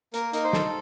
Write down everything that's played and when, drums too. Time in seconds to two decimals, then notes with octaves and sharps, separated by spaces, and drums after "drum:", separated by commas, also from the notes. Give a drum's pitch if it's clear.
0.14 A#3 A#4, drum: hi-hat
0.33 D#4 A#4, drum: hi-hat
0.44 C5
0.53 A4, drum: snare